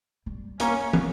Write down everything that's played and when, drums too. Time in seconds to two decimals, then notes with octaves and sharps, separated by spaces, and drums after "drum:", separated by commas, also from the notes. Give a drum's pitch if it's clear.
0.26 G3
0.60 A#3 C#4, drum: hi-hat
0.93 A#3, drum: tom